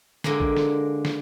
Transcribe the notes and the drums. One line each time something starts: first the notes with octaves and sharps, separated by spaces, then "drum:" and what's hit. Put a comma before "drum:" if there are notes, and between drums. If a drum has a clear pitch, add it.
D3 G#3 A#3, drum: snare
drum: kick A1
drum: snare
drum: snare